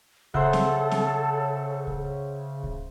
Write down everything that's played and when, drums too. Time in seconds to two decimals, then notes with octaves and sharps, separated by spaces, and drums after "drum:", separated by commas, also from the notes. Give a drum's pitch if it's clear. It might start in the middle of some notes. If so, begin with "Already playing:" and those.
0.34 C#3 A4 C5 E5 F#5, drum: kick C#2
0.53 drum: snare C4
0.91 drum: snare C4
1.87 drum: kick C#2
2.63 drum: kick C#2